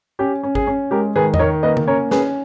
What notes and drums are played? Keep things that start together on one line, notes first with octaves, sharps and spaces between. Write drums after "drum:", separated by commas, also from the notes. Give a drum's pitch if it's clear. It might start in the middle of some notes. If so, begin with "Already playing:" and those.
C#4 G4
C#4
G#4, drum: kick G#1
C#4
G#3 G4 A#4
D#3 G#4 B4
D#5, drum: tom E2
D#3 A#4 C#5
A#3 B4 D#5
drum: tom C#3
C#4 A#4 C#5
C#4 G#4 B4, drum: snare